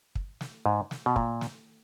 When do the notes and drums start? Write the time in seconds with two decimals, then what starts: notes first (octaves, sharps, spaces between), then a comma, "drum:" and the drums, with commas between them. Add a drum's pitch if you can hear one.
0.15 drum: kick
0.41 drum: snare
0.66 G#2
0.91 drum: snare
1.06 B2
1.16 A#2, drum: kick
1.41 drum: snare